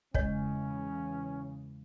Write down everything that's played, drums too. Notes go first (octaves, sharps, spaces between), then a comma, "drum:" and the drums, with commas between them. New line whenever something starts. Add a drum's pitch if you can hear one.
E2 C#3 E3 G#3 C#4 C#5 D#5, drum: kick